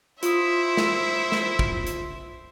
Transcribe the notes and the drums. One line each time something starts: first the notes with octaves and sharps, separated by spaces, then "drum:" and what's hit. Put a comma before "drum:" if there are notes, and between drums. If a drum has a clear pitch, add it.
E4 F4 C5 E5 D#6, drum: hi-hat
drum: snare
drum: snare
drum: kick
drum: hi-hat